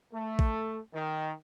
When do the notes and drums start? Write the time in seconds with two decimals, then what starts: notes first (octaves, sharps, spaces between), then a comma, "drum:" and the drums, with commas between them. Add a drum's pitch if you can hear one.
0.13 A3
0.39 drum: kick A1
0.94 D#3